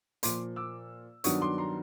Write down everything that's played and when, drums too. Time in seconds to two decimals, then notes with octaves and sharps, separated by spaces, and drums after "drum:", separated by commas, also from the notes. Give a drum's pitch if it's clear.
0.23 A#2 F3 A#3 C6 D6, drum: hi-hat
0.56 D6 E6
1.24 G2 D#3 F#3 B3 D4 C#6 D#6, drum: hi-hat
1.41 C6 D6
1.58 A#5 C6